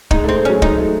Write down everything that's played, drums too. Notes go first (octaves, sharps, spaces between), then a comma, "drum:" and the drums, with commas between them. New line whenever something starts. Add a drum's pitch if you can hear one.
G#3 D#4, drum: kick
A3 C4
G#3
F#3 C#4
G#3 D#4, drum: kick
A3